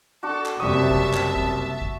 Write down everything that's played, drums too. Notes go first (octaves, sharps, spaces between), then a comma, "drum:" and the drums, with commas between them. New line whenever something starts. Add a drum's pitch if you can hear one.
D4 F#4 A4
drum: clap
F#1 C3 G3 E5 A5 C#6 D#6
drum: kick
drum: clap
drum: kick
drum: kick